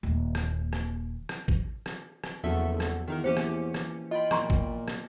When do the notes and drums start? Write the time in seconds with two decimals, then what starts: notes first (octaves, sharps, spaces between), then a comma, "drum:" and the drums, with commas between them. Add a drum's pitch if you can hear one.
0.03 D#1 D#2
0.35 drum: rim click
0.73 drum: rim click
1.29 drum: rim click
1.48 drum: kick
1.86 drum: rim click
2.24 drum: rim click
2.44 F#1 E2 F3 B3 F#4 A4 E5
2.80 drum: rim click
3.08 E2 D#3 D#4 A#4
3.24 E3 A#3 C#4 E4 G4 C5 C#7
3.37 drum: rim click
3.74 drum: rim click
4.11 F4 D#5 G5 B5
4.31 A#2 F3 B3 A#5 C6 C#6, drum: rim click
4.50 drum: kick
4.88 drum: rim click